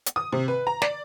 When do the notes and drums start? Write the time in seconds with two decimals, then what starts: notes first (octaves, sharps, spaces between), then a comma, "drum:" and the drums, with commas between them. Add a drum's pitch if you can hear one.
0.06 drum: hi-hat
0.16 D#6
0.32 C3
0.48 B4
0.67 A#5
0.82 D5, drum: snare